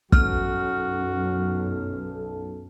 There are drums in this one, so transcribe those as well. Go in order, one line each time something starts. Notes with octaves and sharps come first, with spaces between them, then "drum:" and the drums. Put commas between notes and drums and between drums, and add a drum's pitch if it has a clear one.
B1 F#2 F#4 A4 F6, drum: kick